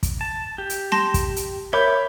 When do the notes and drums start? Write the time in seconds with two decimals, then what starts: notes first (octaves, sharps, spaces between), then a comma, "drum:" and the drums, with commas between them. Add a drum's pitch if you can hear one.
0.03 drum: kick, hi-hat
0.21 A5
0.58 G4
0.70 drum: hi-hat
0.92 A5 C6 A#6, drum: snare
1.14 drum: kick, hi-hat
1.36 drum: hi-hat
1.73 A#4 C#5 E5 B5 D6 G6